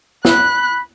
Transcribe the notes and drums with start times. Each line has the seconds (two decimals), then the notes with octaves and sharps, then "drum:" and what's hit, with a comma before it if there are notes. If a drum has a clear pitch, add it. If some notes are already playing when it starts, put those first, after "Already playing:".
0.25 B5 F#6, drum: snare